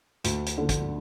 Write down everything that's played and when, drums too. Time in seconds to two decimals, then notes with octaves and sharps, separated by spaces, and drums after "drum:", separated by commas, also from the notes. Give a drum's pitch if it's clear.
0.24 D2, drum: hi-hat
0.46 drum: hi-hat
0.58 D3
0.69 drum: kick, hi-hat